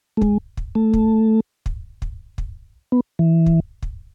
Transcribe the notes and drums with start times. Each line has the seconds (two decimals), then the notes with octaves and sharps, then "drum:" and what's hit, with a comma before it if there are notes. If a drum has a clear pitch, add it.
0.17 A3
0.21 G#3, drum: kick
0.57 drum: kick
0.75 A3
0.93 drum: kick
1.66 drum: kick
2.02 drum: kick
2.38 drum: kick
2.92 B3
3.19 E3
3.46 drum: kick
3.82 drum: kick